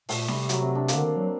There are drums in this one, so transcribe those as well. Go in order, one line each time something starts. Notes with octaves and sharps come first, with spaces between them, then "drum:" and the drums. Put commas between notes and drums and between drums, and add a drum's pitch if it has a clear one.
A#2 A3, drum: open hi-hat
C3 G3, drum: snare
F#3, drum: hi-hat
C4
D4
A#3, drum: hi-hat
D3
D#3
F#3